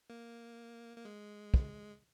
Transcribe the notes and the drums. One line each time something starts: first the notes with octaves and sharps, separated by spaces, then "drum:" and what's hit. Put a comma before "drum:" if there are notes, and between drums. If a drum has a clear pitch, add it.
A#3
A#3
G#3
drum: kick